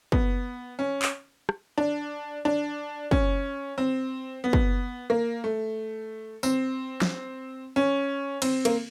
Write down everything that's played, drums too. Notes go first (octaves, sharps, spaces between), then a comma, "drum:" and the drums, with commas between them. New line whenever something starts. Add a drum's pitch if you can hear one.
B3, drum: kick
C#4
drum: clap
drum: rim click
D4
D4
C#4, drum: kick
C4
B3
drum: kick
A#3
A3
C4, drum: tambourine
drum: snare
C#4
C4, drum: cymbal
A#3, drum: cymbal